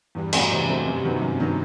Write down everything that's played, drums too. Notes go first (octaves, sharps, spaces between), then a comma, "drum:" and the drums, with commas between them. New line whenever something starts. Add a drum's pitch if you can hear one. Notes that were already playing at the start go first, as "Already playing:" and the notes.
E2 G2
B2 F#3 A3 C4, drum: cymbal
E2 C3
B2 F#3 A3 C4
F#2
D#3 F#3 B3
F#2
D#3 F#3 B3